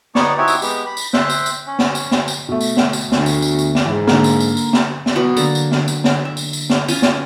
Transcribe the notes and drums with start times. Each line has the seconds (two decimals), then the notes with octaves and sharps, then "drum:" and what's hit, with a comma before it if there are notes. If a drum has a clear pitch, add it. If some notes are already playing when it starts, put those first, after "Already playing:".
0.15 B3 D#4 C#5 D5 C#6, drum: snare
0.38 C4 D#4 E4 F#4 G4 G#5
0.48 drum: tambourine
0.62 G#3 B3 G4, drum: tambourine
0.86 B5
0.97 drum: tambourine
1.13 C5 E5 G5 F#6, drum: snare
1.30 drum: tambourine
1.46 drum: tambourine
1.67 C#4
1.79 drum: snare
1.95 drum: tambourine
2.11 drum: snare
2.28 drum: tambourine
2.49 B2 A3
2.60 drum: tambourine
2.77 drum: snare
2.93 drum: tambourine
3.12 D2, drum: snare
3.26 drum: tambourine
3.42 drum: tambourine
3.59 drum: tambourine
3.75 drum: snare
3.85 G#2 E3
4.07 D3 A#3, drum: snare
4.24 drum: tambourine
4.40 drum: tambourine
4.57 drum: tambourine
4.73 drum: snare
5.06 drum: snare
5.15 B2 F#3 F#5 C#6
5.37 D3 A#3 A4 A#5, drum: tambourine
5.55 drum: tambourine
5.71 drum: snare
5.88 drum: tambourine
6.04 drum: snare
6.25 E5
6.37 drum: tambourine
6.53 drum: tambourine
6.70 drum: snare
6.88 C#4 F4 G#5, drum: tambourine
7.02 drum: snare